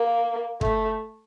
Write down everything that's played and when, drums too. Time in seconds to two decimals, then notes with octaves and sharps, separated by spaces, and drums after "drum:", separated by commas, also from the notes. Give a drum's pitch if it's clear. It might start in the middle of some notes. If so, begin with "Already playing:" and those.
Already playing: A#3
0.61 A3, drum: kick